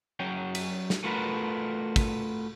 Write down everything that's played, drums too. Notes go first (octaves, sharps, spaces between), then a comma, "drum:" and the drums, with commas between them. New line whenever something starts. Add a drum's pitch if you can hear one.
F#3 C#4 G5
drum: cymbal
drum: snare
A3 F4 F#4 A#4 B4
drum: kick, cymbal